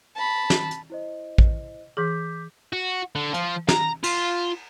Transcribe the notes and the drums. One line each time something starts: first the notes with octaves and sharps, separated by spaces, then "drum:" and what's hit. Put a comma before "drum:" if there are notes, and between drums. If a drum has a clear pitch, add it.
A5 B5
drum: snare
drum: hi-hat
E4 C5 D#5
drum: kick
E3 G#4 D6 G6 B6
F#4
D3
F3, drum: hi-hat
A#5, drum: snare
F4, drum: cymbal